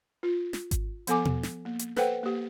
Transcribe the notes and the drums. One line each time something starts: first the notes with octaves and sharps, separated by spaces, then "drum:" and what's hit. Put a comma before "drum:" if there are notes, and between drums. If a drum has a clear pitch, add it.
F4
drum: snare
drum: kick G#1, hi-hat
F3 B3 A4 G#5 D6, drum: hi-hat
drum: tom B2
drum: snare
A#3
drum: hi-hat
A4 B4 C5 F#5 G5, drum: snare
A#3 G4